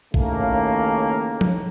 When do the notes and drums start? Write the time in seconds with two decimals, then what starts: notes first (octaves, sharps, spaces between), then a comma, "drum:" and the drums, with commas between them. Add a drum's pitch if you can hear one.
0.14 D#2 A2 C#3 A3 A#3, drum: kick A#1
1.41 drum: tom F3